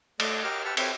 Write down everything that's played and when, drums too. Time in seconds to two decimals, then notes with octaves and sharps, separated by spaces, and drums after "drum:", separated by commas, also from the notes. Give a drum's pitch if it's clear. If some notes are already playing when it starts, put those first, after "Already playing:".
0.20 A3 D5 D#5, drum: cymbal
0.44 G4 A#4 D#5 D6 F6
0.65 G4 B4 F#5 A5 E6 F6
0.77 C4 G4 A4 B4 C#5 E5, drum: cymbal